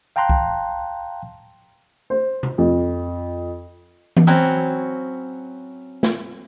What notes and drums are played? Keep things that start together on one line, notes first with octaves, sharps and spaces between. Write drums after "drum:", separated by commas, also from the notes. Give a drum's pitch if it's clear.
F5 G5 A5 A#5 C6 F#6
drum: kick C2
C5
drum: tom C3
F2
drum: tom E3
F#3 C4 C#4 E4 F#4
drum: snare